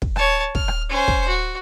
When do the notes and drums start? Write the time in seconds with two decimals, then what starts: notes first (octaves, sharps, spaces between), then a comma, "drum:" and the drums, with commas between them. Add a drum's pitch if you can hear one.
0.02 drum: kick
0.16 C#5 A5, drum: rim click
0.55 F6, drum: kick
0.68 drum: rim click
0.89 C#4 C5
1.08 drum: kick
1.28 F#4